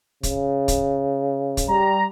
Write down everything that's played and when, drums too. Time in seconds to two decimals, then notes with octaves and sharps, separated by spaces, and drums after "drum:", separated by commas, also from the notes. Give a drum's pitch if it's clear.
0.23 C#3, drum: kick, hi-hat
0.68 drum: kick, hi-hat
1.57 drum: kick, hi-hat
1.69 G3 A#5